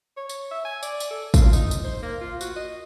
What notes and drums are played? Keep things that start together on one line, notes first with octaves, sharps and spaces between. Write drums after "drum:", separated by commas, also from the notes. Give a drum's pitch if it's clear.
C#5
drum: tambourine
E5
G#5
D5, drum: tambourine
drum: tambourine
A4
F4, drum: kick, tambourine
D#4, drum: tambourine
drum: tambourine
C5
A#3
F4
F#4, drum: tambourine
D#5